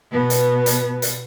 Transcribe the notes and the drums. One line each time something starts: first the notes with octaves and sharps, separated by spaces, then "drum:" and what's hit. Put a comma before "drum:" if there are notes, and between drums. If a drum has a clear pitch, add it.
B2 B3
drum: hi-hat
drum: hi-hat
drum: hi-hat